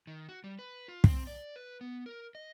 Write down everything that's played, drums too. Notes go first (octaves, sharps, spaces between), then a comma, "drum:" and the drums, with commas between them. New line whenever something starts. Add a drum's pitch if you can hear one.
D#3
F#4
G3
B4
F4
C4, drum: kick
D5
B4
B3
A#4
D#5